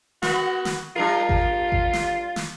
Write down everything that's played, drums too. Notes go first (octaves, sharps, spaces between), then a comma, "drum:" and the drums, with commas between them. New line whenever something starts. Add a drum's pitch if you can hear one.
A#3 B3 F#4, drum: snare
drum: snare
G3 D4 F4 A#4
drum: kick G#1
drum: kick G#1
drum: snare
drum: snare